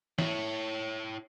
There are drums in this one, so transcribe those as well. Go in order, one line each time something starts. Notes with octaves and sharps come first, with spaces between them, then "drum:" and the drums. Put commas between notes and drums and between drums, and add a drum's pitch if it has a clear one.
E4 C#5, drum: snare